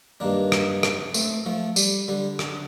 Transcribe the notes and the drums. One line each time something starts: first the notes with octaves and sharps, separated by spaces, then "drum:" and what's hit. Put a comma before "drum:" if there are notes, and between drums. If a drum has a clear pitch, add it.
G2 D#3 A#3 D4
drum: rim click
drum: rim click
A3 C4, drum: tambourine
F3 A3
G3, drum: tambourine
D3 G3
drum: rim click